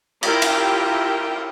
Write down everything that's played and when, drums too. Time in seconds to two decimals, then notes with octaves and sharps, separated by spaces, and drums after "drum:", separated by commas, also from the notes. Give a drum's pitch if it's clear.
0.23 E4 F4 G4 A#4 G5, drum: cymbal
0.42 drum: cymbal